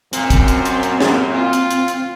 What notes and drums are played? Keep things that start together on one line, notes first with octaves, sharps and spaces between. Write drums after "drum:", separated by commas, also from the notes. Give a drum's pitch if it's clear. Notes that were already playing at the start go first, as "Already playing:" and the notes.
F#2 A#2 C4, drum: hi-hat
drum: kick, hi-hat
drum: hi-hat
drum: hi-hat
drum: hi-hat
drum: snare
F4
drum: hi-hat
drum: hi-hat
drum: hi-hat